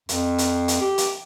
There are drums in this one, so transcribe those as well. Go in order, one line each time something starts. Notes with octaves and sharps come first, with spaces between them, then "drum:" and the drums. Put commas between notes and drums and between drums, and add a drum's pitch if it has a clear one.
F2, drum: hi-hat
drum: hi-hat
drum: hi-hat
G4
drum: hi-hat